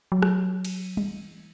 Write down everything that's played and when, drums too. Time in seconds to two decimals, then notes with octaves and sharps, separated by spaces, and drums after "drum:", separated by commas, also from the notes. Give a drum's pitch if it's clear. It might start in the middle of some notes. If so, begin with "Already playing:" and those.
0.12 F#3
0.22 drum: rim click
0.65 drum: cymbal
0.97 E3, drum: tom G3